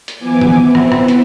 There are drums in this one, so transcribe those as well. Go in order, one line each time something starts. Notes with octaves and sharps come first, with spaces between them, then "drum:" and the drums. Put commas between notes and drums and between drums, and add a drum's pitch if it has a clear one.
drum: hi-hat
E3 F3 B3 G#5 D6
drum: tom D#3
B3 C4 E4
drum: rim click
drum: rim click
drum: hi-hat